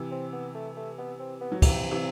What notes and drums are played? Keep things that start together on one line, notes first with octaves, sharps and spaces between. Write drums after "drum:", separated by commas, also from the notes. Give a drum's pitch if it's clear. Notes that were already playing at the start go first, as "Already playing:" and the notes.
Already playing: C3 E3
C4
B3
A3
A3
B3
C4
B3
F#3
C3 E3 C4, drum: kick, cymbal
C3 E3